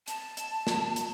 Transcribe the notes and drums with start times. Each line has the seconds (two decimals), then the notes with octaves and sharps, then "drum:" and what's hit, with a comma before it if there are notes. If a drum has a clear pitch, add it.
0.08 A5, drum: hi-hat
0.37 drum: hi-hat
0.67 drum: snare
0.96 drum: hi-hat